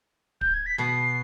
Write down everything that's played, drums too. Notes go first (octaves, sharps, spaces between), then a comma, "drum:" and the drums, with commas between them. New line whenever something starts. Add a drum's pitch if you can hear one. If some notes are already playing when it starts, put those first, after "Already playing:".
G6, drum: kick
G#6
B6
B2 B3 C7